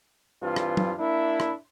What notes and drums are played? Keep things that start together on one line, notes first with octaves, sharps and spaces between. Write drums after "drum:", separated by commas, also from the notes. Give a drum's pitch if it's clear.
G2 E3 C4 F4
drum: rim click
drum: tom
A#3 D4 E4
drum: rim click